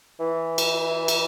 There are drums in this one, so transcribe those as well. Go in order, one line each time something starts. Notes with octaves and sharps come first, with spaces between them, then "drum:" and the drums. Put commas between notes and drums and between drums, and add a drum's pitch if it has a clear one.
E3
drum: cymbal
drum: cymbal